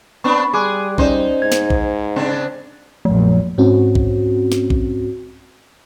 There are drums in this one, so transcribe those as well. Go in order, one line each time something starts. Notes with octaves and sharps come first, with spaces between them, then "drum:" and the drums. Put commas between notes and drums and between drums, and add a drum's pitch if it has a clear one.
B3 C4 D4 B5 C#6
G3 G#4 C6 D6 F#6
C#4 D#4 C5 D5, drum: kick A#1
G#2 G#6
drum: snare
drum: kick A#1
C#3 C4 D4
A#1 F#2 F3
G#2 C4 C#4 F#4
drum: kick A#1
drum: snare
drum: kick A#1